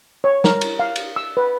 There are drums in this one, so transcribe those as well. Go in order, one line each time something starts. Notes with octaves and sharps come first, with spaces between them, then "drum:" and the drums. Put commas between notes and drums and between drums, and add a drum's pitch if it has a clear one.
C#5
A#4, drum: snare
drum: cymbal
F5
drum: cymbal
E6
B4